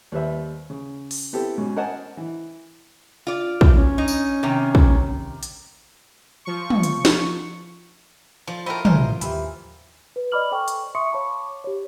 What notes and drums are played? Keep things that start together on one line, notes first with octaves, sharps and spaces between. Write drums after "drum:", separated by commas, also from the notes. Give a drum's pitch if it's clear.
D#2 G3 B4 C5 E5
C#3
drum: open hi-hat
B3 C4 E4 G4 A4
G#2 B2 C#4
A#4 C5 D#5 F#5 G#5 A5
E3
F4 D5
drum: kick
C#4
D#4
drum: tambourine
C3 D#3
drum: kick
drum: hi-hat
F3 C#6
drum: tom
drum: hi-hat
drum: snare
F3 D5
E4 F#4 A#4 C5 D#5 G5 A5
B1 E3 C#4 A#4 C5 E5, drum: tom
D#2 E3 G4 E5, drum: hi-hat
B4
D5 D#5 B5 D6 F6 F#7
A4 C5 G5 G#5 C#6
drum: hi-hat
E5 C6 C#6 D#6 C#7
C#5 F5 A5 B5 C#6 D6
G4 C#5